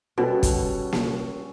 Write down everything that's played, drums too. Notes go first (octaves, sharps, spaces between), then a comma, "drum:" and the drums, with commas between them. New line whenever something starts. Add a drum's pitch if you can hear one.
B2 G3 C#4 F#4 A4
drum: kick, hi-hat
drum: snare A#3